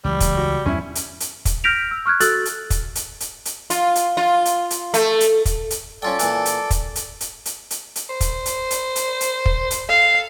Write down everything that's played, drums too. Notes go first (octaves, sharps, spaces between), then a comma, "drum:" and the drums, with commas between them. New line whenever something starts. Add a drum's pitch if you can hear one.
C#2 E3 F#3 G3
drum: kick, hi-hat
F#4
E2 G2 E3 C#4 E4
drum: hi-hat
drum: hi-hat
drum: kick, hi-hat
F6 G6 A#6 B6 D7 F7
E6
C#6 F6 F#6 G#6
F#4 A4 E6 F#6 A6 F#7, drum: hi-hat
drum: hi-hat
drum: kick, hi-hat
drum: hi-hat
drum: hi-hat
drum: hi-hat
F4, drum: hi-hat
drum: hi-hat
F4
drum: hi-hat
drum: hi-hat
A3, drum: hi-hat
drum: hi-hat
drum: kick, hi-hat
drum: hi-hat
C#4 F4 A4 D5 G5
A#2 E3, drum: hi-hat
drum: hi-hat
drum: kick, hi-hat
drum: hi-hat
drum: hi-hat
drum: hi-hat
drum: hi-hat
drum: hi-hat
C5
drum: kick, hi-hat
drum: hi-hat
drum: hi-hat
drum: hi-hat
drum: hi-hat
drum: kick
drum: hi-hat
A4 F5